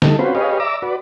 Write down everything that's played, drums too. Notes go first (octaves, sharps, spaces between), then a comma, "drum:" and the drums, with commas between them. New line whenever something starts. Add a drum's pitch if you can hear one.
G3 D#4 A4, drum: snare
C4 C#4 F4 F#4 B4 C5
G4 G#4 B4 C#5 D#5 F5
D5 E5 A#5 D6 E6
F#4 B4 D5